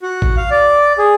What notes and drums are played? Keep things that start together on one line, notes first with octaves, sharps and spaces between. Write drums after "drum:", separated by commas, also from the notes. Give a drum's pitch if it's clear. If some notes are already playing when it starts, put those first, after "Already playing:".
F#4
drum: kick A1
F5
D5
G#4